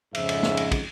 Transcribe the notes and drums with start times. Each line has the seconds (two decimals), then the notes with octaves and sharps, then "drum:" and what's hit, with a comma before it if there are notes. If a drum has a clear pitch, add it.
0.15 F2 G#2 C#3 E5, drum: cymbal
0.29 drum: cymbal
0.43 drum: snare
0.57 drum: cymbal
0.71 drum: kick, cymbal